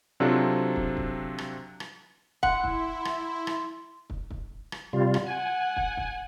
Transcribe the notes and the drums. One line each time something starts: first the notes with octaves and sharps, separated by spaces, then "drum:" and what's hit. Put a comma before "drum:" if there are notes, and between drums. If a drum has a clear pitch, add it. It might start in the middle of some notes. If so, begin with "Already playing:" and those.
C3 F#3 C4 D4 F4 A4
drum: kick
drum: kick
drum: rim click
drum: rim click
E4 F#5 C6, drum: kick
drum: kick
drum: rim click
drum: rim click
drum: kick
drum: kick
drum: rim click
C3 G3 F4
drum: rim click
F#5 G#5
drum: kick
drum: kick